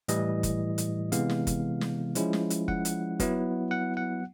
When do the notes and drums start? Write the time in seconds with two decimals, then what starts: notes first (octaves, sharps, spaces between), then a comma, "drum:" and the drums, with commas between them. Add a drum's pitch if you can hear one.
0.08 A2 E3 G3 D#5, drum: hi-hat
0.43 drum: kick F#1, hi-hat
0.78 drum: hi-hat
1.12 C3 E3 G#3 B3 F5, drum: hi-hat
1.30 drum: snare
1.47 drum: kick F#1, hi-hat
1.81 drum: snare
2.15 F3 G#3 C#4 E4, drum: hi-hat
2.33 drum: snare
2.50 drum: hi-hat
2.68 F#5, drum: kick F#1
2.85 drum: hi-hat
3.20 F#3 B3 E4, drum: kick F#1, hi-hat
3.71 F#5
3.97 F#5